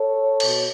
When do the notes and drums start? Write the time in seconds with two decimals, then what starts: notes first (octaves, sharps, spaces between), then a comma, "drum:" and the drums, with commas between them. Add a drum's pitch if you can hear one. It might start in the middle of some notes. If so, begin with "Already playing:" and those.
Already playing: A4 C#5
0.40 B2, drum: cymbal